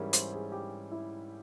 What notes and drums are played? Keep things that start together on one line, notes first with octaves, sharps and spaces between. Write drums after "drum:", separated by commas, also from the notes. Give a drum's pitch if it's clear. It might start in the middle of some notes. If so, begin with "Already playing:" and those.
Already playing: G#2 E3 G3 C#4 E4 G#4 A#4
C5, drum: hi-hat
G#4
G4
E4